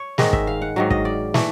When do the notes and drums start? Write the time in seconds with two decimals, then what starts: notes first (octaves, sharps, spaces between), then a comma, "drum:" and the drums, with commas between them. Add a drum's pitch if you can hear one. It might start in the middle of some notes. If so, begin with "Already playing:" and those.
Already playing: C#5
0.18 G#2 D#3 G#3 D#5, drum: snare
0.33 E5, drum: kick
0.47 F5
0.62 F#5
0.76 G#2 D#3 F#3 F5
0.90 D#5, drum: kick
1.05 D5
1.34 E3 A3, drum: snare